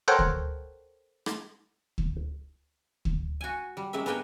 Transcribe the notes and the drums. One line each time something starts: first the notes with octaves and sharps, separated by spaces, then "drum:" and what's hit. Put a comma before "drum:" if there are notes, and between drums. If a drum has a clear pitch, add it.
A4 A#4 C5 C#5 F#5 G5
drum: kick
drum: rim click
drum: kick
drum: kick
F#4 G#5
G3
G#3 A#3 C#4 E5
B3 D4 A#4 G5 G#5